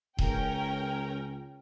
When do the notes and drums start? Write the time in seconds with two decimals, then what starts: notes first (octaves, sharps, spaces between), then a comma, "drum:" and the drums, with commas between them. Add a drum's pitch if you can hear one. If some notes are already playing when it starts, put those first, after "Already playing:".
0.18 C#2 C#4 A#4 G5, drum: kick D#1